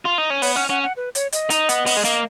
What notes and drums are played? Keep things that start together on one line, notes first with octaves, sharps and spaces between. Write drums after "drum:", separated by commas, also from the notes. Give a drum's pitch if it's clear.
F4
D#4
C#4
B3 C#5, drum: open hi-hat
C#4 F#5
C#4 F#5
F#5
B4
C#5, drum: hi-hat
D#5, drum: hi-hat
D#4, drum: hi-hat
B3, drum: hi-hat
B3, drum: open hi-hat
G#3
A#3, drum: hi-hat